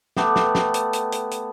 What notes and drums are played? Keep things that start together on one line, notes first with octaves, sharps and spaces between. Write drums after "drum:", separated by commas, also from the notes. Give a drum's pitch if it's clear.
A3 B3 G4, drum: snare
drum: snare
drum: snare
drum: hi-hat
drum: hi-hat
drum: hi-hat
drum: hi-hat